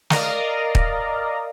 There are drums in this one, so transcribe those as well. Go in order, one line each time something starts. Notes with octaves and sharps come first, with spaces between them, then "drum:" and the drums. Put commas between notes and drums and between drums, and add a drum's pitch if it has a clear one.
A#4 D5 D#5 F5 A#5, drum: snare
drum: kick